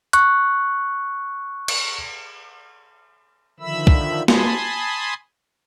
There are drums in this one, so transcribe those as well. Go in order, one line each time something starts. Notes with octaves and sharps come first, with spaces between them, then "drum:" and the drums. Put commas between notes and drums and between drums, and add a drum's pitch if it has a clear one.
C#6 F#6, drum: hi-hat
drum: cymbal
D3 D#3 F3 E5 B5 E6
drum: kick
G#5 A5 B5 C6 D#6, drum: snare